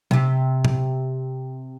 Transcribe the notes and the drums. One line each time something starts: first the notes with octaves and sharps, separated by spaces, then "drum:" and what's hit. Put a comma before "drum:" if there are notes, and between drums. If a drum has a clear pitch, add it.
C3 G4, drum: tom
drum: tom A#2